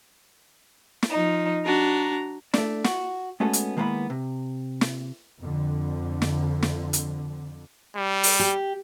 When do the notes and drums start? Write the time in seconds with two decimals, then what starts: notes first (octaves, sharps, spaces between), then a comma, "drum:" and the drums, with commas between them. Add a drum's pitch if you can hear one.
1.03 drum: snare
1.12 F3 D#4
1.65 D4 F#4 A#5
2.54 A3 D4, drum: snare
2.84 F#4, drum: snare
3.40 G#3 A3 B3 C#4 F#4 A4
3.53 drum: hi-hat
3.77 D#3 G#3 A#3 B3 E4 B5
4.10 C3
4.81 drum: snare
5.42 F2 D3
6.22 drum: snare
6.63 drum: snare
6.93 drum: hi-hat
7.96 G3
8.23 drum: open hi-hat
8.40 G4